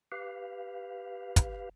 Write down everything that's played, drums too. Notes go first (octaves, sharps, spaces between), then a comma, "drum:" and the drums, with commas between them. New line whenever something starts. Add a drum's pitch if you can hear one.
G4 B4 F5
drum: kick, hi-hat